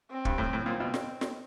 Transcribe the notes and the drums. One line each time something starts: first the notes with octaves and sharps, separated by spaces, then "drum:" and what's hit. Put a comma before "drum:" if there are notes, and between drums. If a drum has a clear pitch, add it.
C4
G2, drum: kick
A2
A2
A#2 C4
B2
drum: snare
drum: snare